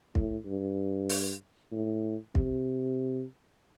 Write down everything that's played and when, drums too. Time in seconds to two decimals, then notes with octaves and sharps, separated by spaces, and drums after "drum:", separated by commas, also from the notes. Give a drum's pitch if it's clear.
0.15 A2, drum: kick
0.46 G2
1.09 drum: open hi-hat
1.72 A2
2.35 C3, drum: kick